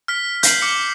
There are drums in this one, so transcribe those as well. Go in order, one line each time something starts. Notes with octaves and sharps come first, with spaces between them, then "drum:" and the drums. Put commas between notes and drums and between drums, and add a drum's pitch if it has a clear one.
F6 B6
G6 C7 F#7, drum: hi-hat
D6 F6 C#7